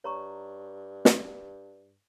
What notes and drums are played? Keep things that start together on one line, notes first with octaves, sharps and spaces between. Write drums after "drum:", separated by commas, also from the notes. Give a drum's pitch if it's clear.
G2 C#5 A#5 C#6
drum: snare